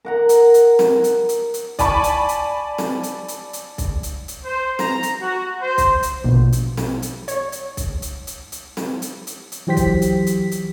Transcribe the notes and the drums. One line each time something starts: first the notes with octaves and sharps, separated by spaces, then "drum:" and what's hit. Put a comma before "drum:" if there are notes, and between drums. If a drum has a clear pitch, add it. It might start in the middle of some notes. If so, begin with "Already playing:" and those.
A#4 F#5 A#5
drum: hi-hat
drum: hi-hat
drum: snare
drum: hi-hat
drum: hi-hat
drum: hi-hat
D5 G#5 A5 B5 C#6, drum: kick B1, hi-hat
drum: hi-hat
drum: hi-hat
drum: snare
drum: hi-hat
drum: hi-hat
drum: hi-hat
drum: kick B1, hi-hat
drum: hi-hat
drum: hi-hat
C5
A#5, drum: snare
drum: hi-hat
F#4
C5
drum: kick B1, hi-hat
drum: hi-hat
A#1 B2
drum: hi-hat
drum: snare
drum: hi-hat
C#5, drum: hi-hat
drum: hi-hat
drum: kick B1, hi-hat
drum: hi-hat
drum: hi-hat
drum: hi-hat
drum: snare
drum: hi-hat
drum: hi-hat
drum: hi-hat
E3 F#3 G4 C5 G5 B6
drum: kick B1, hi-hat
drum: hi-hat
drum: hi-hat
drum: hi-hat